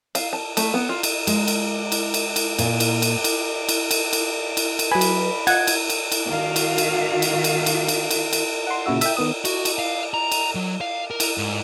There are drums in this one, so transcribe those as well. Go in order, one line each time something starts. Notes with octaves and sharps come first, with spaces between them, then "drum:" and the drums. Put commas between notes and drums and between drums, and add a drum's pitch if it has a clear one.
F5, drum: cymbal
A5
A3, drum: cymbal
B3
F4
drum: cymbal
G#3, drum: cymbal
drum: cymbal
drum: cymbal
drum: cymbal
drum: cymbal
A#2, drum: cymbal
drum: cymbal
drum: cymbal
drum: cymbal
drum: cymbal
drum: cymbal
drum: cymbal
drum: cymbal
drum: cymbal
F#3 B4 G#5 B5
drum: cymbal
F4 D#5 F#5 G#6, drum: cymbal
drum: cymbal
drum: cymbal
drum: cymbal
D#3 F#4 F5
drum: cymbal
drum: cymbal
drum: cymbal
drum: cymbal
drum: cymbal
drum: cymbal
drum: cymbal
drum: cymbal
F#5 C6
A#2 C#3 E4 F#4 E6
E5 G5, drum: cymbal
D#3 B3 D#6
F#4, drum: cymbal
drum: cymbal
F5
A#5
drum: cymbal
F#3
F5
A#4
drum: cymbal
G#2